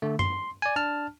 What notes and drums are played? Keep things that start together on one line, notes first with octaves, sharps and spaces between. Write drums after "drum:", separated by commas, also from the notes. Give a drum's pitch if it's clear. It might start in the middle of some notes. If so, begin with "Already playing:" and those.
D3 A3
C6, drum: tom F#2
D5 G#5
D4 A5 F6